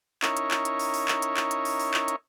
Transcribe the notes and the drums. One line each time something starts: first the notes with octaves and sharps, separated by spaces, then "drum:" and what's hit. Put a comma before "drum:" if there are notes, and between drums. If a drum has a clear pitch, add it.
C#4 D#4 E4 A#4 C#5, drum: clap
drum: hi-hat
drum: clap
drum: hi-hat
drum: open hi-hat
drum: open hi-hat
drum: clap
drum: hi-hat
drum: clap
drum: hi-hat
drum: open hi-hat
drum: open hi-hat
drum: clap
drum: hi-hat